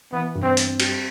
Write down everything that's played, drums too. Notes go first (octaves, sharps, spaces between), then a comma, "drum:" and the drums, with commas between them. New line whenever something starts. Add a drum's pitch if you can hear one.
E3 B3
G2
C4
C4, drum: hi-hat
G3, drum: cymbal